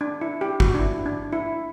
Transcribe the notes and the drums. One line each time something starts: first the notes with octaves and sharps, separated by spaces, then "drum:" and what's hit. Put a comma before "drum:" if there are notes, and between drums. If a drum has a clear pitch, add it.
D4
E4
G4
F#4, drum: kick
D4
E4
D4
E4